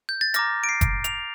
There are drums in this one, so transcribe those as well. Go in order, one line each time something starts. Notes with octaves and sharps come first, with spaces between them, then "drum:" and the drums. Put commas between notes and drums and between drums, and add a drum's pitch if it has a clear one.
G6
A6
A#5 D6 F6 A#6, drum: hi-hat
D7
C7
drum: kick F#1, hi-hat
F7, drum: hi-hat